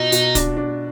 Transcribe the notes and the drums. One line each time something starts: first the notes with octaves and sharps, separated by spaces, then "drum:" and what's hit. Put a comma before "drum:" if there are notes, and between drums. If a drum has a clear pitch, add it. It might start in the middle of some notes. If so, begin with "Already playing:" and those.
Already playing: B2 D#4 F4
B2, drum: hi-hat
D4, drum: kick, hi-hat
D4